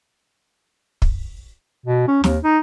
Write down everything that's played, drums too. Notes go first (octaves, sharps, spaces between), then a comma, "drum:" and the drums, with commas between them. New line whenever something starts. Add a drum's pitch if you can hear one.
drum: kick
B2
C#4
D#2, drum: snare
D#4